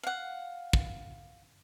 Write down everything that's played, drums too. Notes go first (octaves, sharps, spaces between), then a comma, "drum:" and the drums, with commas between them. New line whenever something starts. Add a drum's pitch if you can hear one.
F5 F#5
drum: kick